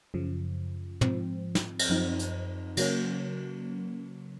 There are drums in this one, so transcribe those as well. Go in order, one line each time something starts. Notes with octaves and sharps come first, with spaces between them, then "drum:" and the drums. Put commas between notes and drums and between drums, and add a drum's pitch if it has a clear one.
F#2 C#3 F3
G#2 F3 C4, drum: tom
drum: snare
drum: cymbal
F#2 F3 C4 D#4
drum: hi-hat
C#3 F#3 A#3 C#4, drum: cymbal